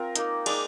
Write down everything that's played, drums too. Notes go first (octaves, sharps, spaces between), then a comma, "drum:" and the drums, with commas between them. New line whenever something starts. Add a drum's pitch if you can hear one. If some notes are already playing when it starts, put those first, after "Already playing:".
Already playing: C4 F4 A#4
A#3 D#4, drum: hi-hat
G#3 D#4 D5, drum: cymbal